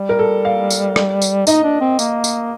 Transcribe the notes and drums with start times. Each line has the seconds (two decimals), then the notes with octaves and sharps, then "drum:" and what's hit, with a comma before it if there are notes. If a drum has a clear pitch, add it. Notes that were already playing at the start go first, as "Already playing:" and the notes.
Already playing: G3
0.09 A#4
0.19 A4
0.45 F5
0.70 drum: tambourine
0.96 drum: rim click
1.22 drum: tambourine
1.47 D#4 D#5, drum: tambourine
1.64 D4
1.81 C4
1.99 A#3, drum: tambourine
2.24 drum: tambourine